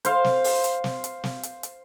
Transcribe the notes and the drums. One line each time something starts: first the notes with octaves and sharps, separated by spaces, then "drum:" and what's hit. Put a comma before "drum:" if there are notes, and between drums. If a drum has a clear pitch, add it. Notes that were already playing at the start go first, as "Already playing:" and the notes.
C5 F5, drum: hi-hat
drum: snare
drum: open hi-hat
drum: hi-hat
drum: snare
drum: hi-hat
drum: snare
drum: hi-hat
drum: hi-hat